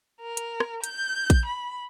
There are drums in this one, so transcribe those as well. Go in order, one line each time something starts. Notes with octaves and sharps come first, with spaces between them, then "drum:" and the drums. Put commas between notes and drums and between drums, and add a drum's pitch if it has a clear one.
A#4
drum: hi-hat
drum: rim click
G6, drum: hi-hat
drum: kick A#1, hi-hat
B5